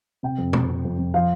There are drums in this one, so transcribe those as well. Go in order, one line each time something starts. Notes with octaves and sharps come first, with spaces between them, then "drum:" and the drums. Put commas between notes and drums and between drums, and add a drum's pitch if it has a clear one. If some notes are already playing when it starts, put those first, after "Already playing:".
C3 G5
F2
F2, drum: tom
C3
F2
F2
F3 F5